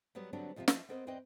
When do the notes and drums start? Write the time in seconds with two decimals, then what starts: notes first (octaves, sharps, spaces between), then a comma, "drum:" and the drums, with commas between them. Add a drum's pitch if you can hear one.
0.15 F#3 G3 B3 B4 C#5
0.33 D3 F#3 G3 B3 C4 D4
0.56 F2 C3 F3 E4 F4
0.68 F3 D#5, drum: snare
0.89 B3 C4 A#4 C5 D#5
1.07 E2 C4 B4 D5 D#5 G5